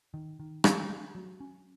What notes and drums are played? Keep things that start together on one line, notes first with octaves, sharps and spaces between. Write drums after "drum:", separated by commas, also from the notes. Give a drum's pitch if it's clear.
D#3
D#3
D#3, drum: rim click
G#3
F#3
C#4